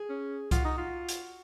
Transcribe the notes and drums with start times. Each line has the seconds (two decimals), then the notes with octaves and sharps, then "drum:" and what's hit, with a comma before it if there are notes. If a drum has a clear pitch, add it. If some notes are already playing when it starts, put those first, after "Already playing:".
Already playing: G#4
0.09 C#4
0.51 F4 F#4, drum: kick C2, hi-hat
0.65 D#4
0.78 F4
1.09 drum: hi-hat